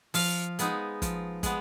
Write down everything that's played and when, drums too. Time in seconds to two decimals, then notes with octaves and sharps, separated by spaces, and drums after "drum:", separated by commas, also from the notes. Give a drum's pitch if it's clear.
0.14 F3 F5, drum: open hi-hat
0.59 G#3 B3 D#4, drum: hi-hat
1.02 F3, drum: kick, hi-hat
1.43 G#3 B3, drum: kick, hi-hat